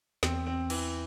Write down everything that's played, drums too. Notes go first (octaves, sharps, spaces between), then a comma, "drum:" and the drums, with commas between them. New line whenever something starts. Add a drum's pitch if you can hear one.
E2 C4, drum: snare
C4
E3, drum: cymbal